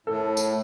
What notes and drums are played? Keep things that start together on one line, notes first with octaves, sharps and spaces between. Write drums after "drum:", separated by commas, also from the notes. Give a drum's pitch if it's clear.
A2 A4
drum: tambourine